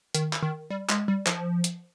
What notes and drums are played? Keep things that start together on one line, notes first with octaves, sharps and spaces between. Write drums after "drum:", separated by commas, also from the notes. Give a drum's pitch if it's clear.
D#3, drum: hi-hat
drum: clap
D#3
G3
G#3, drum: clap
G3
F3, drum: clap
drum: hi-hat